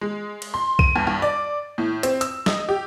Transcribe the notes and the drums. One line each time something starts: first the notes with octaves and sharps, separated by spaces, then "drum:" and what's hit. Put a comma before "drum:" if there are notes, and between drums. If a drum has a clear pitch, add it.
G#3
drum: cymbal
C6
D#7, drum: kick B1
G2
G2
D5
A2
C4, drum: hi-hat
E6, drum: hi-hat
D#5, drum: snare
G4